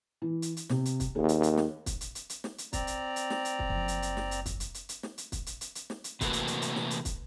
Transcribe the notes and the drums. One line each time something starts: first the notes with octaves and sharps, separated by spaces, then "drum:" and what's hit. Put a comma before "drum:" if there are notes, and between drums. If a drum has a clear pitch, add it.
E3
drum: hi-hat
drum: hi-hat
C3, drum: snare
drum: hi-hat
drum: kick, hi-hat
D#2 G#4
drum: hi-hat
drum: hi-hat
drum: snare
drum: kick, hi-hat
drum: hi-hat
drum: hi-hat
drum: hi-hat
drum: snare
drum: hi-hat
C4 D5 A#5, drum: kick, hi-hat
drum: hi-hat
drum: hi-hat
drum: snare
drum: hi-hat
drum: kick
F#1 F3
drum: hi-hat
drum: hi-hat
drum: snare
drum: hi-hat
drum: kick, hi-hat
drum: hi-hat
drum: hi-hat
drum: hi-hat
drum: snare
drum: hi-hat
drum: kick, hi-hat
drum: hi-hat
drum: hi-hat
drum: hi-hat
drum: snare
drum: hi-hat
C3 E3 A3 A#3 F#4 B4, drum: kick, hi-hat
drum: hi-hat
drum: hi-hat
drum: hi-hat
drum: snare
drum: hi-hat
drum: kick, hi-hat